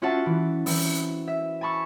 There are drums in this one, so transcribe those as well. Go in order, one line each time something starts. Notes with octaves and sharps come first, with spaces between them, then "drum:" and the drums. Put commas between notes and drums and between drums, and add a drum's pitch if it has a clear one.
C#4 F4 F#4 E5 F#5 A5
E3
E3 C4 E6, drum: open hi-hat
E5
G#5 A5 B5 C#6 E6